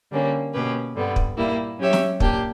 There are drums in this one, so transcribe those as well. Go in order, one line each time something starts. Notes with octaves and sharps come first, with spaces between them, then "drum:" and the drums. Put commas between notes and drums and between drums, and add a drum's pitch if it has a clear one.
D3 G3 A#3 C#4
B2 A#3 C#4 G4 B4
G2 D3 G3 B3
drum: kick
A#2 G3 A#3 E4
F#3 C#4 G4 C#5 E5
drum: snare
A#2 A#3 D4 G4, drum: kick